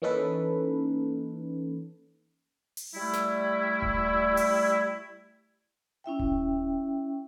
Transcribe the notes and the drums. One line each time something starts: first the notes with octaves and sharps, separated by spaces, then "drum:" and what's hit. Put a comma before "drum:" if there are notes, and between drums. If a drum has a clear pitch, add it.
E3 A#3 C#4 D#4 A4 B4
drum: open hi-hat
G3 A3 E4
drum: snare
drum: kick D#1
drum: open hi-hat
C#4 E4 E5 G5
drum: kick D#1